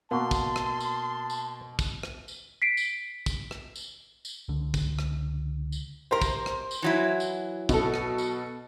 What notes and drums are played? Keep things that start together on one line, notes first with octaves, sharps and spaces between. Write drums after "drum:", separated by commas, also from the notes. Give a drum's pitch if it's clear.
B2 A#3 F#4 A5 C6
drum: kick, tambourine
drum: rim click
drum: tambourine
drum: tambourine
drum: kick, tambourine
drum: rim click
drum: tambourine
B6 C7 D7
drum: tambourine
drum: kick, tambourine
drum: rim click
drum: tambourine
drum: tambourine
C#2 D3
drum: kick, tambourine
drum: rim click
drum: tambourine
G4 A#4 C5 C6
drum: kick, tambourine
drum: rim click
drum: tambourine
E3 F#3 E4
drum: tambourine
B2 A4, drum: kick, tambourine
drum: rim click
drum: tambourine